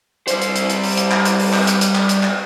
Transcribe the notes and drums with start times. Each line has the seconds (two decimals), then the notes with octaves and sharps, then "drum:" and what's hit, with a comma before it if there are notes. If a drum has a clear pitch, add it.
0.27 G3 C5, drum: hi-hat
0.41 drum: hi-hat
0.55 drum: hi-hat
0.69 drum: hi-hat
0.83 drum: open hi-hat
0.97 drum: hi-hat
1.11 drum: clap
1.25 drum: hi-hat
1.39 drum: open hi-hat
1.53 drum: clap
1.67 drum: hi-hat
1.81 drum: hi-hat
1.95 drum: clap
2.09 drum: hi-hat
2.23 drum: clap